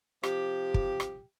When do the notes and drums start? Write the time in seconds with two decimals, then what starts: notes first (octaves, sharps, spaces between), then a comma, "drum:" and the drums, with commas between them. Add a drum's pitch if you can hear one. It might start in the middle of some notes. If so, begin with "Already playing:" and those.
0.23 C3 F3 G4, drum: rim click
0.74 drum: kick
1.00 drum: rim click